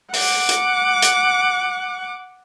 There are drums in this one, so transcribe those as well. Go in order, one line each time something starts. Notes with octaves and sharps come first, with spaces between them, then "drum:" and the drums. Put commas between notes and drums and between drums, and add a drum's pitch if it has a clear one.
F#5 D6, drum: open hi-hat
drum: hi-hat
drum: hi-hat